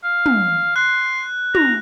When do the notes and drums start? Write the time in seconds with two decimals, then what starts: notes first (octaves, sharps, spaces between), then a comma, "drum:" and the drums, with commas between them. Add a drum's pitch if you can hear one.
0.03 F5
0.26 drum: tom
0.76 C6 F#6
1.55 A#5, drum: tom